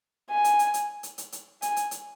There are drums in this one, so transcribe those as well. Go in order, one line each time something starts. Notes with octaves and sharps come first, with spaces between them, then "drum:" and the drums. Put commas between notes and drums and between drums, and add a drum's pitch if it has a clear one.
G#5
drum: hi-hat
drum: hi-hat
drum: hi-hat
drum: hi-hat
drum: hi-hat
drum: hi-hat
G#5, drum: hi-hat
drum: hi-hat
drum: hi-hat